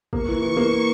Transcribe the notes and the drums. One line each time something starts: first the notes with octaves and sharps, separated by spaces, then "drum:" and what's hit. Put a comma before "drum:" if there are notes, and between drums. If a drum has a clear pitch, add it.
A#3 C#6, drum: kick
E3
E3
A#3